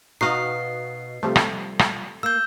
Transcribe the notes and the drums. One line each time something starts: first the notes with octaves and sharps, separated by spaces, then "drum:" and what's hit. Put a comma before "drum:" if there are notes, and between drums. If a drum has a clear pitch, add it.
B2 D#4 F#4 D#5 F5 C7
C3 F3 G3 A3
drum: rim click
drum: rim click
A#3 E6 G6